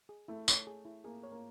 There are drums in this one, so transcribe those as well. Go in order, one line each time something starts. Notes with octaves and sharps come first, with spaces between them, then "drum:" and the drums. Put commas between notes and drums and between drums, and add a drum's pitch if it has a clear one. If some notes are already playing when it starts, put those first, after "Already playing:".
G#4
A3 E4
C#5, drum: tambourine
G#4
E4
A#3 G#4
C#5
A#3